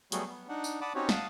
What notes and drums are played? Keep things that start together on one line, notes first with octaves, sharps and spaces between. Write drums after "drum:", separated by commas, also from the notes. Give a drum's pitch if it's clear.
F#3 G3 A3 B3 F#4 G#4, drum: hi-hat
B3
D4 D#4 F#5
drum: tambourine
D5 F#5 A5 B5 D6 D#6
C4 C#4 D#4 F#4 G4 C#5
F5 F#5 A5 D#6, drum: snare